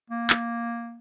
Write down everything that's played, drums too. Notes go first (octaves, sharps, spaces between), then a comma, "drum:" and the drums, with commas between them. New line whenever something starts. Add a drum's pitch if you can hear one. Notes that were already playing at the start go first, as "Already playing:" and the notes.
A#3
drum: clap